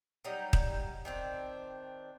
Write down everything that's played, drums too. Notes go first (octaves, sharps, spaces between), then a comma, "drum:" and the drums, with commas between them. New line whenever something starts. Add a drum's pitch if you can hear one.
F#3 G3 D#4
drum: kick D#1
D#3 C4 D4